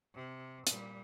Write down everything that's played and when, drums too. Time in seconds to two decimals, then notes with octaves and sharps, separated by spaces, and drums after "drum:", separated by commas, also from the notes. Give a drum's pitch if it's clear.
0.15 C3
0.67 A#2 G3, drum: hi-hat